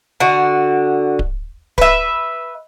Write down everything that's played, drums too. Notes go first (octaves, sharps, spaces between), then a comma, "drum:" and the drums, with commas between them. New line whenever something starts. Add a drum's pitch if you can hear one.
D3 F#4
drum: kick D1
B4 E5, drum: kick D1